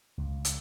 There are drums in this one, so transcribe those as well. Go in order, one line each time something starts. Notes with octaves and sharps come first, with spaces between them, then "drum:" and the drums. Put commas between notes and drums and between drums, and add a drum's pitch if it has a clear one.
C#2
drum: hi-hat